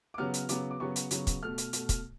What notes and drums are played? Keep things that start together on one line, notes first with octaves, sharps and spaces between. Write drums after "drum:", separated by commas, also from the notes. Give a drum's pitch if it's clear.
D6
C#3 F#3 B3 F6
drum: hi-hat
C#3 F#3 B3 D6, drum: hi-hat
D6
C#3 F#3 B3 C#6
drum: hi-hat
C#3 F#3 B3, drum: hi-hat
drum: kick, hi-hat
B2 A3 F6
drum: hi-hat
B2 A3, drum: hi-hat
drum: kick, hi-hat